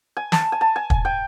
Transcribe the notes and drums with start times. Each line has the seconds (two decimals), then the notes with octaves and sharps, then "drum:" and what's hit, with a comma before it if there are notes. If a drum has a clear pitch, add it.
0.17 G#5
0.32 A5, drum: snare
0.52 G#5
0.61 A5
0.76 G#5
0.90 G#5, drum: kick
1.05 G5